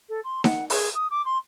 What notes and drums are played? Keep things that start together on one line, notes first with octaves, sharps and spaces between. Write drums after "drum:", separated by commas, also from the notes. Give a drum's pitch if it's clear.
A4
C6
F#5, drum: snare D#4
G#4, drum: open hi-hat
D#6
D6
C6